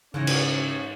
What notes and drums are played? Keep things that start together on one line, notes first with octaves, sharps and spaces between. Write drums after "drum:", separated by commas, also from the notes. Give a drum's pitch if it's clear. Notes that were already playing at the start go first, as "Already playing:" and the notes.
G#2 C#3 E3 C#4 C#5 A#5
drum: cymbal